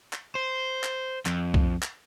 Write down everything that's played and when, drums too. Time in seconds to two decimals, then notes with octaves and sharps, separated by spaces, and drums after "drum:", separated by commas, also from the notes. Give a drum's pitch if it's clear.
0.13 drum: clap
0.35 C5
0.84 drum: clap
1.26 F2, drum: clap
1.54 drum: kick
1.82 drum: clap